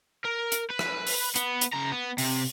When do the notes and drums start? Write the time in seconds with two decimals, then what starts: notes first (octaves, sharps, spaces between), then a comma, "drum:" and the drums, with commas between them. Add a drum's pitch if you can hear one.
0.24 A#4
0.52 drum: hi-hat
0.70 B4
0.79 drum: rim click
1.07 drum: open hi-hat
1.36 B3, drum: hi-hat
1.61 drum: hi-hat
1.73 C#3 A#5
1.92 B3
2.18 C3, drum: open hi-hat